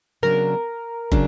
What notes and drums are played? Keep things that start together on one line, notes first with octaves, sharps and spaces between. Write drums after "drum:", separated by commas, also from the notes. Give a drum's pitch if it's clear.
C#3 F#3 B3 D4 A#4
C#3 F#3 D4, drum: kick